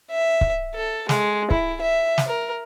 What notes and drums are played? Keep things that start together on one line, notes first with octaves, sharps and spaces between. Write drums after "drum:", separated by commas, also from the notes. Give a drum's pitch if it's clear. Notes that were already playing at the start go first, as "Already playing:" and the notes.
E5
drum: kick C#1
A4
G#3, drum: snare
E4, drum: kick C#1
E5
drum: snare
A#4